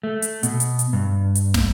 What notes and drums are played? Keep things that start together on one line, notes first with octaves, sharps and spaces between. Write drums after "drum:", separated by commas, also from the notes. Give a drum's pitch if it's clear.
A3
drum: hi-hat
B2, drum: hi-hat
drum: hi-hat
drum: hi-hat
G2
drum: hi-hat
drum: snare